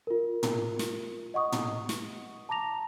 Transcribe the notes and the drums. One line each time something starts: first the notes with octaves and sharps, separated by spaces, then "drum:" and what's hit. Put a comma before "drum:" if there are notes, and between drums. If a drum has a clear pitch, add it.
F4 A#4
drum: tom
drum: snare
D#5 F#5 C#6 D#6
drum: tom
drum: snare
A5 A#5 D6 A#6 F7